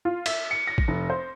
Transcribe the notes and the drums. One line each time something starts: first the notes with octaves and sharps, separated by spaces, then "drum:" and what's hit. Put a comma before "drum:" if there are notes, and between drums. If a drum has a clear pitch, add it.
F4
E5, drum: cymbal
C#7
A#6
drum: kick
F1
C5